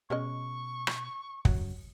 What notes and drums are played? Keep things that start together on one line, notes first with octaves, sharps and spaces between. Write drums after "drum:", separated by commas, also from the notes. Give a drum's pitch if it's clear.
B2 G#3 C#4 D#5 C#6
drum: rim click
F#2 F#3, drum: kick